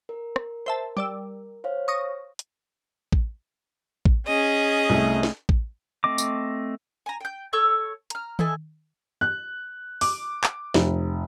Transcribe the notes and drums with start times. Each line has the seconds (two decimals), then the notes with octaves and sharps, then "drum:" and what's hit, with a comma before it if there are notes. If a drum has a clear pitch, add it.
0.09 A#4
0.36 drum: rim click
0.66 C5 E5 A5
0.97 G3 D5 E6
1.64 C5 C#5 F5
1.88 C#6 D#6 A#6
2.39 drum: hi-hat
3.12 drum: kick A1
4.05 drum: kick A1
4.27 C#4 G#4 D#5
4.89 C2 A3
5.23 drum: snare
5.49 drum: kick A1
6.04 A3 C4 D#5 D6
6.18 drum: tambourine
7.06 G#5 A#5
7.21 G5 G6
7.53 A4 C#5 C#6 E6
8.10 A#5 F6, drum: hi-hat
8.39 E4 A4 D#5 G#5, drum: tom D#3
9.21 F#6
10.01 D6, drum: open hi-hat
10.44 drum: clap
10.74 F1, drum: snare